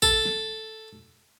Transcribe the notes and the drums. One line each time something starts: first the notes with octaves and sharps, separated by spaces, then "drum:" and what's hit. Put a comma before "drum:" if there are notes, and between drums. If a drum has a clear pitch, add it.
A4, drum: kick
drum: snare